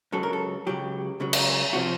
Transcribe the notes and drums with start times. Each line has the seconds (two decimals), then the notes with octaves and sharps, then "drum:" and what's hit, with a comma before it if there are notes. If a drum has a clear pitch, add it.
0.12 C#2 C#3 F#3 A4
0.23 A#4
0.33 A4
0.67 C#2 C#3 F#3 G4
1.20 C#2 C#3 F#3
1.33 drum: cymbal
1.73 C3 F3 F#4